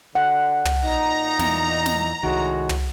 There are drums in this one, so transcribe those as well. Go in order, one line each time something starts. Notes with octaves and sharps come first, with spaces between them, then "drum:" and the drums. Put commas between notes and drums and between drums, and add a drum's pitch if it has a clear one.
D3 F#5
drum: tom
A#2 D#4 A#5
E2, drum: snare
drum: snare
C2 A2 D#3 G#3 F#4
drum: tom